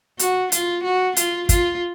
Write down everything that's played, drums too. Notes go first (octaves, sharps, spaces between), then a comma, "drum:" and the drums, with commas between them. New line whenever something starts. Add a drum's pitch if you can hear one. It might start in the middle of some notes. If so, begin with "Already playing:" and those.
F#4, drum: hi-hat
F4, drum: hi-hat
F#4
F4, drum: hi-hat
F4, drum: kick, hi-hat